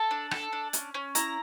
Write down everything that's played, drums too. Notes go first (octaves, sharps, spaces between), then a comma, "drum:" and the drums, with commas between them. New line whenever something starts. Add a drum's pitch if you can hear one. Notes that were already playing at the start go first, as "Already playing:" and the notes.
Already playing: A4 A5
D4
A4, drum: rim click
D4
C#4, drum: hi-hat
C#4
E4 A#5, drum: hi-hat